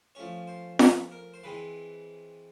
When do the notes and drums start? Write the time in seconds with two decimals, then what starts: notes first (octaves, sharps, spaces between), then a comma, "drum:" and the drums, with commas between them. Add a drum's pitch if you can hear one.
0.15 F3 A3 C#4 C#5
0.47 C5
0.79 B4, drum: snare F4
1.11 A#4
1.34 C5
1.44 E3 G#3 C4 B4